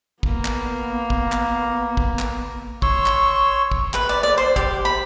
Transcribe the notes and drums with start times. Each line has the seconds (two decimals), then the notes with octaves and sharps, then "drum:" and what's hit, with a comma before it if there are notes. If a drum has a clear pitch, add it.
0.23 A#3 B3, drum: kick
0.45 drum: clap
1.10 drum: kick
1.32 drum: clap
1.97 drum: kick
2.19 drum: clap
2.82 C#5 C6 C#6 E6, drum: kick
3.06 drum: clap
3.71 drum: kick
3.94 B4, drum: clap
4.09 D5
4.23 D5
4.38 C5
4.56 G4, drum: kick
4.85 B5